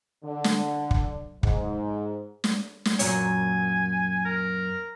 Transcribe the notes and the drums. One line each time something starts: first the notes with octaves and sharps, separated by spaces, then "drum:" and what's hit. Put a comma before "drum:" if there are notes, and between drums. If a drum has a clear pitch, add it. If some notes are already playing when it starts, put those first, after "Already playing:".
D3
drum: snare
drum: kick
G#2, drum: kick
drum: snare
drum: snare
F#2 A#2 C#5 G#5, drum: hi-hat
A#4